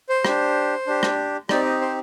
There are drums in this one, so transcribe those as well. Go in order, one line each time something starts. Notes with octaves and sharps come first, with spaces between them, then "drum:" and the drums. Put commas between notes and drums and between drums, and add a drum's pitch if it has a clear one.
C5
D4 G4, drum: rim click
D4 G4
drum: rim click
C4 D#4 G4 D5, drum: rim click
D#5
C5